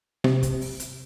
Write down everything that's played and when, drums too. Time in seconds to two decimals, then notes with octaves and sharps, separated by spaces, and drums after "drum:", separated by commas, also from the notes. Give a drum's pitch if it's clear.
0.24 C3, drum: rim click
0.43 drum: kick, hi-hat
0.61 drum: open hi-hat
0.80 drum: hi-hat